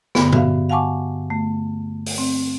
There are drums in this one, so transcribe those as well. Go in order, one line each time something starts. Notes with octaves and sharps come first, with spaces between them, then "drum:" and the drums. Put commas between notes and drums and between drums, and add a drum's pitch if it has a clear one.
G2 D3 B3, drum: snare
F#4 E5 F5, drum: tom A2
F5 F#5 G#5 A5 C#6 D6
A3
drum: open hi-hat
C4